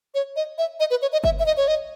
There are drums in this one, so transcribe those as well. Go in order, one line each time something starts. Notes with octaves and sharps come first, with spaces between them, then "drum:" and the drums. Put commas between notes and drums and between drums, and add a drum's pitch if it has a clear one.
C#5
D#5
E5
D#5
B4
C#5
D#5
E5, drum: kick G1
E5
D#5
C#5
D#5